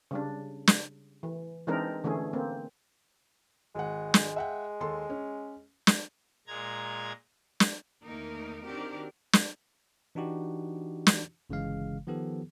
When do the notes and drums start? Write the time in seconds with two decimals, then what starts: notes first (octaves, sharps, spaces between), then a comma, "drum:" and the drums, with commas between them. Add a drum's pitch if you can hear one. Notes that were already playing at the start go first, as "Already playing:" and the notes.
0.11 C#3 G3 D4
0.67 drum: snare
1.23 E3
1.67 E3 G#3 C4 D4 D#4 A#4
2.04 D3 E3 A3 C#4 G#4
2.33 A#3 C4
3.75 G#1 G#3 F#5
4.14 drum: snare
4.36 E5 F#5 G5
4.80 D#2 A4 C6
5.10 C#4
5.87 drum: snare
6.47 A#2 G#3 A#5 G#6
7.60 drum: snare
8.03 E2 D#3 A3 A#3 D#4 A#4
8.65 D#3 C4 D4 F#4 G4 A#4
9.33 drum: snare
10.15 E3 D4 D#4 F#4 G4
11.07 drum: snare
11.50 G1 C#3 E3 G#3 F5
12.07 D#3 F3 B3 G4 A4